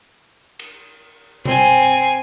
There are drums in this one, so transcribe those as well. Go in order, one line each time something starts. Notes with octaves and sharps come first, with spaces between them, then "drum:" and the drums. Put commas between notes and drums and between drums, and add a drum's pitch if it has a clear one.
drum: cymbal
C4 G#5, drum: tom B2